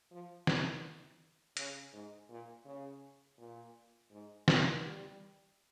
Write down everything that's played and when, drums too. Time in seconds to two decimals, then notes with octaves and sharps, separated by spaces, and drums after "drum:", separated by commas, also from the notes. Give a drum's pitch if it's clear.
0.11 F3
0.47 C3, drum: snare
1.57 C#3, drum: hi-hat
1.93 G#2
2.30 A#2
2.65 C#3
3.38 A#2
4.11 G#2
4.48 F3, drum: snare
4.84 G3